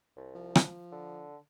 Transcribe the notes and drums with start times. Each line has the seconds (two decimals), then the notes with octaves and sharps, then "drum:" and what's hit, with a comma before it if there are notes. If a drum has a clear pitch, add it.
0.16 C2
0.35 F3
0.55 drum: rim click
0.92 D3